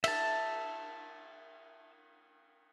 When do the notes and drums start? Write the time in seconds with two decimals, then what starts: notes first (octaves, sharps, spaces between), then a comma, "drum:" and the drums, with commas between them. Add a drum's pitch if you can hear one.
0.04 E5 A5, drum: cymbal